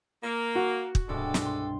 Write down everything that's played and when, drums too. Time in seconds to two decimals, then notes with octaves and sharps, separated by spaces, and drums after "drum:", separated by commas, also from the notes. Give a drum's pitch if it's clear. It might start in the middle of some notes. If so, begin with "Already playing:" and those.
0.24 A#3
0.55 F#4
0.95 drum: kick
1.09 C2 G2 B2 G#3 D4 A4
1.34 drum: snare
1.46 C6